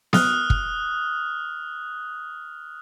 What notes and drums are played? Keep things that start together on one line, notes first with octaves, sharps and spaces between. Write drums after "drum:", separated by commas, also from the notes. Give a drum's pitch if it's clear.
D#6 F6 F#6, drum: snare B3
drum: kick